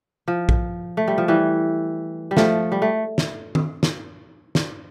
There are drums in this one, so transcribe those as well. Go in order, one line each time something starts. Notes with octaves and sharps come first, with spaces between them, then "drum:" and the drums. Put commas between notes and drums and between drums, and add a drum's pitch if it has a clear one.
F3
drum: kick A#1
A3
G3
F3
E3 G3
G3
F3 A3, drum: snare
G3
A3
drum: snare
drum: tom D#3
drum: snare
drum: snare